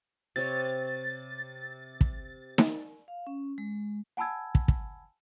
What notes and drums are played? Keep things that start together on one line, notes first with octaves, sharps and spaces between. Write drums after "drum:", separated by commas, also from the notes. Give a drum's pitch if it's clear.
C3 C#5 A6
drum: kick
drum: snare D#4
F5
C#4
G#3
F#5 G#5 A5 B5 E6 G#6
drum: kick
drum: kick